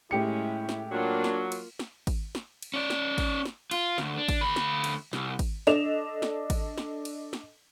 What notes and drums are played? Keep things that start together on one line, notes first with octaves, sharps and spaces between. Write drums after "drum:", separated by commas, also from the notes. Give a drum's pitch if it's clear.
A2 G#3 C#4 E4 G4 C#7
drum: snare
F#3 A#3 D4 F4
drum: snare
drum: cymbal
drum: snare
drum: kick G#1, cymbal
drum: snare
drum: cymbal
C#4 D5
drum: snare
drum: kick G#1, cymbal
drum: snare
F4, drum: cymbal
D2, drum: snare
D4
drum: kick G#1, cymbal
D2 B5
drum: snare
drum: cymbal
C2, drum: snare
drum: kick G#1, cymbal
D4 A4 D#5 E7 F7, drum: snare
drum: snare
drum: kick G#1, cymbal
drum: snare
drum: cymbal
drum: snare